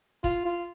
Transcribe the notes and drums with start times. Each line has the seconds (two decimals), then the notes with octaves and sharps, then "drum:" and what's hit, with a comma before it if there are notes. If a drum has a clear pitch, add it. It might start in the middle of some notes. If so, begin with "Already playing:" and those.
0.24 F4, drum: kick
0.45 F4